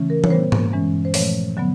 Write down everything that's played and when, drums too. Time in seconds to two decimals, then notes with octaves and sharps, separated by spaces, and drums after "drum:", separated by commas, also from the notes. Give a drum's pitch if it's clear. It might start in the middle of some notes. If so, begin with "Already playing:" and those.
Already playing: C#3 E3 A3 C#4
0.10 A#4
0.24 C#5, drum: tom E3
0.30 A#2 G3 B3 C5
0.52 drum: tom G#2
0.72 G2 E3 G#3 C#4
1.05 C5
1.14 A#2 F3 A3 C#5, drum: open hi-hat
1.57 D3 F#3 B3